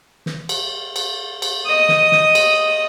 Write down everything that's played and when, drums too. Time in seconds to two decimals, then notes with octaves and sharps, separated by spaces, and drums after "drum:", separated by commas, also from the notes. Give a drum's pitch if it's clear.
0.26 drum: snare
0.49 drum: cymbal
0.96 drum: cymbal
1.42 drum: cymbal
1.65 D#5 D#6
1.89 drum: snare
2.12 drum: snare
2.35 drum: cymbal